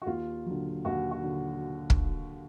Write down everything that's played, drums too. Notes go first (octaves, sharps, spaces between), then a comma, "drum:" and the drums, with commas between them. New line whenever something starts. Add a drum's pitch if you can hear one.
F#4
D#2 F4
D3 F#3
D#2 F#4
F#4
D3
drum: kick